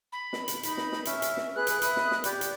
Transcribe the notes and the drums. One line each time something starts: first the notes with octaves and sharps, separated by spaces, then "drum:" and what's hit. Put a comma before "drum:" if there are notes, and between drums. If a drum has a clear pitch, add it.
B5
drum: snare
drum: hi-hat
D#4 B5, drum: hi-hat
drum: snare
drum: snare
C#4 E5 F6, drum: hi-hat
drum: hi-hat
drum: snare
G#4 B4 F#6
drum: hi-hat
E5 B5 D#6, drum: hi-hat
drum: snare
drum: snare
G4 D5, drum: hi-hat
drum: hi-hat